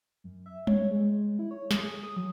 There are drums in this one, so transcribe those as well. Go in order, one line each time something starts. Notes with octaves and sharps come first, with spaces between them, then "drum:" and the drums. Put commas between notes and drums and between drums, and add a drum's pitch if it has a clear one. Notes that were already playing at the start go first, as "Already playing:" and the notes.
F#2
E5
C#5, drum: tom G3
G#3
E4
C#5
D#6, drum: snare
G#4
D#6
F#3